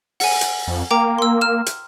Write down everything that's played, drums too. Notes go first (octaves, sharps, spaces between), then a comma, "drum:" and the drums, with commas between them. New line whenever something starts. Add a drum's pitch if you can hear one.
F#5 G#5, drum: open hi-hat
drum: hi-hat
F2
A#3 G5 A#5 D6
C6 E6
F6 E7
drum: hi-hat